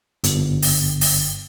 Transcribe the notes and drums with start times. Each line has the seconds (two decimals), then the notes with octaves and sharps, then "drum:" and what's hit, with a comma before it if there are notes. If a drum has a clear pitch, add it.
0.24 G1, drum: hi-hat
0.62 drum: open hi-hat
1.01 drum: open hi-hat